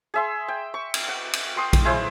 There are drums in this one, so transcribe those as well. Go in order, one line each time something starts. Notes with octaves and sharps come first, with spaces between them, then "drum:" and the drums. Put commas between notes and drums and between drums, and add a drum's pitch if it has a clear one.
G#4 E5 C6
G5
C#6
drum: cymbal
F#5
drum: cymbal
G5 C6 D#6
drum: kick A#1, cymbal
G#3 E4 C5